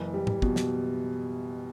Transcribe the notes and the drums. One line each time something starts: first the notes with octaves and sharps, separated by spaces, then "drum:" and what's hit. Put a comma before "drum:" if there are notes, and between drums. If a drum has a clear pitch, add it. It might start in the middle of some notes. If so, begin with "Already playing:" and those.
Already playing: F#1 E3
G3
drum: tom G#2
B2, drum: kick
drum: snare